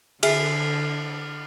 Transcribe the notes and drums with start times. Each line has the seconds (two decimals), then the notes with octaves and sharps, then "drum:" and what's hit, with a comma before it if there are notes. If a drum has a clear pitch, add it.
0.23 D3 G#4 E5 F6 C7, drum: cymbal